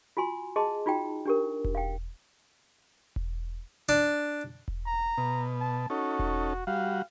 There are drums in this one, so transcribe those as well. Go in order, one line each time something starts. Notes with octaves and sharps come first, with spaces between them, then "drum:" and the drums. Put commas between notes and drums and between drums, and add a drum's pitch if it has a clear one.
F4 F#4 G#5 C6
G#4 D#5 A5 C6
D#4 F4 F#4 G5 A#5
D4 G4 A#4
drum: kick E1
F5 G5
drum: kick E1
D4
drum: kick E1
A#5
B2
A5
C#4 D#4 F#4 A4
drum: kick E1
G3 F#4 F5